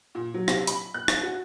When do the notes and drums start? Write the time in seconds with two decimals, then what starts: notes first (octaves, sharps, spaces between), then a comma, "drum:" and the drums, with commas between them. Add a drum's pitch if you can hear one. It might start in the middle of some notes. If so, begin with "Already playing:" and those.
0.15 A#2
0.34 F#3
0.48 C3, drum: rim click
0.67 B5, drum: hi-hat
0.94 F#6
1.08 drum: rim click
1.23 F#4